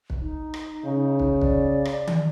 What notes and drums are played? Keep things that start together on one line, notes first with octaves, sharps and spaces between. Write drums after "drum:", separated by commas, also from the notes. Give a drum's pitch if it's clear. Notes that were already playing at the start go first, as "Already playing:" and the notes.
drum: kick
D#4
drum: rim click
C#3
drum: kick
D5, drum: kick
drum: rim click
drum: tom D#3